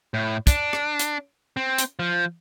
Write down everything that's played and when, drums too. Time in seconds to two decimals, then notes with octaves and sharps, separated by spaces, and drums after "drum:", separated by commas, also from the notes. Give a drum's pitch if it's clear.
0.14 A2
0.47 D4, drum: kick, hi-hat
0.73 drum: rim click
0.99 drum: hi-hat
1.57 C4
1.78 drum: hi-hat
1.99 F3